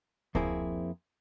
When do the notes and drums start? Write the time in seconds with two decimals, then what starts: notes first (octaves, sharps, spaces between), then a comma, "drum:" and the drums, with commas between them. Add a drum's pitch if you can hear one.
0.35 F2 A#3 C4 E4 G#4, drum: kick C#2